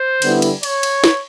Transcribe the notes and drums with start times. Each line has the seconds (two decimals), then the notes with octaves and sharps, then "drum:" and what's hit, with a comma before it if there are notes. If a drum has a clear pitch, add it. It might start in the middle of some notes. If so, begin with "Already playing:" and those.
Already playing: C5
0.22 D3 G3 B3 E4, drum: cymbal
0.42 drum: cymbal
0.63 C#5, drum: cymbal
0.83 drum: cymbal
1.04 drum: snare